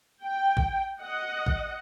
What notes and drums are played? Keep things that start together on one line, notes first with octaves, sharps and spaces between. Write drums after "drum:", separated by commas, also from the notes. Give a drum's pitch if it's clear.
G5
drum: kick A1
D#5 F#5
drum: kick A1